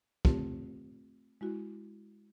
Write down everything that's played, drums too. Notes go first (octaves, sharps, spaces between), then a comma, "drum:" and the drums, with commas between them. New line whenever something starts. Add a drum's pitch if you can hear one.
A3 C4 F4 G4, drum: kick
G#3 E4 F#4